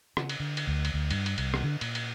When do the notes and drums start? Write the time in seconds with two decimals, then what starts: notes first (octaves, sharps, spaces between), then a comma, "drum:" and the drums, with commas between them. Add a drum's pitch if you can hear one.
0.17 C#3, drum: rim click
0.29 drum: cymbal
0.40 D3
0.57 drum: cymbal
0.67 D2
0.85 drum: cymbal
0.94 D2
1.11 G2, drum: cymbal
1.26 drum: cymbal
1.38 C2, drum: cymbal
1.54 drum: rim click
1.63 D3
1.81 A#2, drum: cymbal
1.95 drum: cymbal